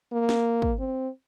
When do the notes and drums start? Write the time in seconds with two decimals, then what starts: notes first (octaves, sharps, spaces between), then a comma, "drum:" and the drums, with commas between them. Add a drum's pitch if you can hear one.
0.12 A#3
0.29 drum: snare
0.62 drum: kick
0.79 C4